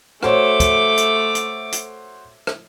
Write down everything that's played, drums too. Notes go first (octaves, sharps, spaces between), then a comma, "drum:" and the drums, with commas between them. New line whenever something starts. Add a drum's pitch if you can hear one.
A3 F#4 C5 C#5 D6, drum: rim click
drum: kick, hi-hat
drum: hi-hat
drum: hi-hat
drum: hi-hat
drum: rim click